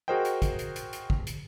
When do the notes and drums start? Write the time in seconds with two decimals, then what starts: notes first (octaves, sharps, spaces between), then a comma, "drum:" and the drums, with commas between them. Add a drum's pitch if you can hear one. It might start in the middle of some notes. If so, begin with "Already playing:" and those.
0.08 F#4 G#4 A#4 C5 D#5 G5
0.25 drum: hi-hat
0.42 drum: kick, hi-hat
0.59 drum: hi-hat
0.76 drum: hi-hat
0.93 drum: hi-hat
1.10 drum: kick
1.27 drum: hi-hat